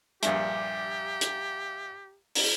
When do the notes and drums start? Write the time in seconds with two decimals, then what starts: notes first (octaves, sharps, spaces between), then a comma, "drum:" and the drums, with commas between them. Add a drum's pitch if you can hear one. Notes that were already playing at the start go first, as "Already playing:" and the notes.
0.23 A#1 G2 G4 E5 G#5 C#7, drum: hi-hat
1.21 drum: hi-hat
2.35 drum: open hi-hat